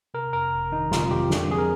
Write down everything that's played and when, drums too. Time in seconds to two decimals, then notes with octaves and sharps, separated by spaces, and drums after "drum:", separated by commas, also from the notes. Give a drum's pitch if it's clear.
0.14 C3 A#4
0.33 F2 A#4
0.53 G1
0.72 D#3 D#4
0.91 C3 F4, drum: snare
1.11 F2 G4
1.30 D3, drum: snare
1.48 F2 G#4
1.58 A#4